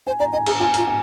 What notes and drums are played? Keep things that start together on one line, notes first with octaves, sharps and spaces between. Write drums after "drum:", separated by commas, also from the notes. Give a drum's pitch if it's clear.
C5 G#5
D5 A#5
D#5 G#5
G#4 A#5, drum: cymbal
F4 G#5
F4 A#5, drum: hi-hat
G#5